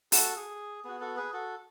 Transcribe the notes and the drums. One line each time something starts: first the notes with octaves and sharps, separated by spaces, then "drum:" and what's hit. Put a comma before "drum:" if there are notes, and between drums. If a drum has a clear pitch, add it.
F#4 A4, drum: open hi-hat
G#4
B3 F#4 G#4
F#4 A4
G#4 B4
F#4 A4